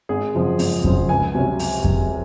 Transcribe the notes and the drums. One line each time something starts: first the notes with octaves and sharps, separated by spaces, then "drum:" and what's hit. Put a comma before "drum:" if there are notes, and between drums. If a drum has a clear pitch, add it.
G#1 G#4
F#2 C#3 F3 C4
G#1, drum: open hi-hat
F#2 C#3 F3 C4, drum: kick F2
C#2 G#5
C3 F#3 C#4
drum: open hi-hat
drum: kick F2